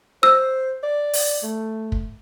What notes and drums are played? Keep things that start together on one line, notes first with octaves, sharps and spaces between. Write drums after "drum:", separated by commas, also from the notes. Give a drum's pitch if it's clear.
C5 E6
D5
drum: open hi-hat
A3
drum: kick